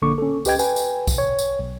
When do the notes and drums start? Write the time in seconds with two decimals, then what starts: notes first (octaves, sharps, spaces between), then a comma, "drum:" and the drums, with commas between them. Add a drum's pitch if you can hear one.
0.02 A#1 D3 A#3 C#6 D6
0.18 C#4 A4
0.45 C#2 G4 B4 D#5 G5 G#6, drum: tambourine
0.59 B4 G5 G#5, drum: tambourine
0.76 drum: tambourine
1.07 drum: kick B1, tambourine
1.18 C#5
1.39 drum: tambourine
1.59 B1